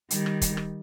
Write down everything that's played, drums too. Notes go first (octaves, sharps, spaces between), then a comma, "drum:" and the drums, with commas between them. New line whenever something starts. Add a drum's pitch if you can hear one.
D#3 G3, drum: hi-hat
drum: rim click
drum: kick, hi-hat
drum: rim click